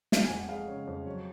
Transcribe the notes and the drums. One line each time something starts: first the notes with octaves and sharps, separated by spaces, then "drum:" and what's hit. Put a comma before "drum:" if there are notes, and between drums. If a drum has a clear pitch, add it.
drum: snare
G#5
F2 F#5
G#3 F5
C#3 C#5
F2
F#3 C#5